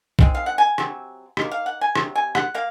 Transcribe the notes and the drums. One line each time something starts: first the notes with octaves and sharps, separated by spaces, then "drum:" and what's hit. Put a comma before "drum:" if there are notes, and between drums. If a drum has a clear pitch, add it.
D#3 G#3 C4, drum: kick A#1
F5
F#5
G#5
C3 F#3 C4, drum: rim click
D#3 A#3, drum: rim click
F5
F#5
G#5
C3 F#3, drum: rim click
G#5
F#5, drum: rim click
A#3 F5